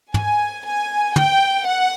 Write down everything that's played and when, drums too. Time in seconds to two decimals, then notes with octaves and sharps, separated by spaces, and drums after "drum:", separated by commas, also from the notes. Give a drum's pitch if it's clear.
0.14 G#5, drum: tom
0.65 G#5
1.16 G5, drum: tom
1.67 F#5